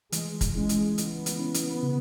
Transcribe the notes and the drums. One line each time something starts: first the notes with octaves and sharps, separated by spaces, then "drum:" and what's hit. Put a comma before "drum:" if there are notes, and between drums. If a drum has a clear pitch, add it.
E3 G#3, drum: hi-hat
drum: kick, hi-hat
G#3 C#4 E4
drum: hi-hat
E3 B3, drum: hi-hat
drum: hi-hat
C#4 E4
drum: hi-hat
C#3